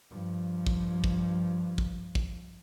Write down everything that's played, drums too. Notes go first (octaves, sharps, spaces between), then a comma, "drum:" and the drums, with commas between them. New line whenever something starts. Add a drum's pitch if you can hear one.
G2 F3
drum: kick
drum: kick
drum: kick
drum: kick